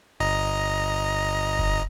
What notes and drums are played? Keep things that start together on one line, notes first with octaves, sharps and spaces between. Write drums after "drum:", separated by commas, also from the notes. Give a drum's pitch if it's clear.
G1 D#5 A#5
drum: kick F1